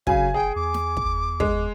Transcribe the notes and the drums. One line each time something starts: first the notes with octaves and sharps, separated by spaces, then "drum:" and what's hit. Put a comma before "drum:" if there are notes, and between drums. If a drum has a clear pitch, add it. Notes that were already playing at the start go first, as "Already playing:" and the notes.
C#3 F#3 F5 G#5, drum: kick
F#1 G#4 G5
E2 D6
drum: snare
drum: kick
G#3, drum: kick